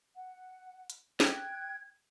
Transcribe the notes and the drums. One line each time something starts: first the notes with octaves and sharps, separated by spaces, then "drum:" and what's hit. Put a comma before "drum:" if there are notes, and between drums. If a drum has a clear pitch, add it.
F#5
drum: hi-hat
G5 F#6 G#6, drum: snare